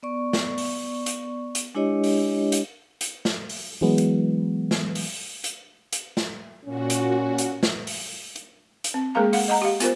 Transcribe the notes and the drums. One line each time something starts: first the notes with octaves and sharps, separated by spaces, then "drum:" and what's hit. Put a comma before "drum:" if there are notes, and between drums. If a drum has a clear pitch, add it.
B3 D5 C#6
drum: snare
drum: open hi-hat
drum: hi-hat
drum: hi-hat
G#3 D4 E4 G4 C#5 D#5
drum: open hi-hat
drum: hi-hat
drum: hi-hat
drum: snare
drum: open hi-hat
E3 F#3 G#3 B3
drum: hi-hat
drum: snare
drum: open hi-hat
drum: hi-hat
drum: hi-hat
drum: snare
A#2 C#4 F#4
drum: hi-hat
drum: hi-hat
drum: snare
drum: open hi-hat
drum: hi-hat
drum: hi-hat
C4
G#3 A#3 G#4 A#4 F5 A#5
F5 F#5, drum: open hi-hat
D#5 F#5 A#5
G4 F5
B3 F4 A#4 C5, drum: hi-hat